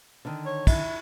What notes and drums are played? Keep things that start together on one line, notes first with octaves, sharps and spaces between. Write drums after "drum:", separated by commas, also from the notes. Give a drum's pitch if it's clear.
D3 D#3
C#5
E4, drum: kick, cymbal